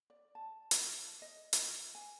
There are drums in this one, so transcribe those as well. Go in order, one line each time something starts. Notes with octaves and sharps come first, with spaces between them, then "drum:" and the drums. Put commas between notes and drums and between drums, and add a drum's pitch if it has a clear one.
D5
A5
drum: hi-hat
D#5
drum: hi-hat
G#5